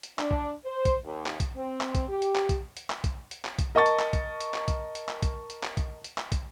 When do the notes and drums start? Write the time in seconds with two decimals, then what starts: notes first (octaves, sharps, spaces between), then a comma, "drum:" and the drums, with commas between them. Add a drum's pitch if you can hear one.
0.03 drum: hi-hat
0.19 D4, drum: clap
0.31 drum: kick
0.66 C5
0.85 drum: kick, hi-hat
1.04 D#2
1.26 drum: clap
1.40 drum: kick, hi-hat
1.56 C4
1.81 drum: clap
1.95 drum: kick, hi-hat
2.08 G4
2.22 drum: hi-hat
2.36 drum: clap
2.49 drum: kick, hi-hat
2.77 drum: hi-hat
2.90 drum: clap
3.04 drum: kick, hi-hat
3.31 drum: hi-hat
3.45 drum: clap
3.59 drum: kick, hi-hat
3.75 A#4 D#5 A5 C#6 A6
3.86 drum: hi-hat
4.00 drum: clap
4.13 drum: kick, hi-hat
4.40 drum: hi-hat
4.54 drum: clap
4.68 drum: kick, hi-hat
4.95 drum: hi-hat
5.09 drum: clap
5.22 drum: kick, hi-hat
5.50 drum: hi-hat
5.63 drum: clap
5.77 drum: kick, hi-hat
6.04 drum: hi-hat
6.18 drum: clap
6.32 drum: kick, hi-hat